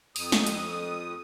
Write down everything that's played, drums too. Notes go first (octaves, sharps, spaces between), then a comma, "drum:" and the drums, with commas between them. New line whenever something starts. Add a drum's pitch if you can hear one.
F2 D#6, drum: open hi-hat
drum: snare
drum: hi-hat